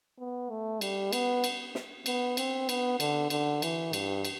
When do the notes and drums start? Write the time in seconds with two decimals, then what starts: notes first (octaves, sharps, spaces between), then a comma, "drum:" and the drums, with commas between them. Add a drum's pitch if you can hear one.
0.19 B3
0.50 A3
0.81 G3, drum: cymbal
1.13 B3, drum: cymbal
1.44 drum: cymbal
1.75 drum: snare
2.06 B3, drum: cymbal
2.37 C4, drum: cymbal
2.69 B3, drum: cymbal
3.00 D3, drum: cymbal
3.30 D3, drum: cymbal
3.62 E3, drum: cymbal
3.93 G2, drum: cymbal
4.25 drum: cymbal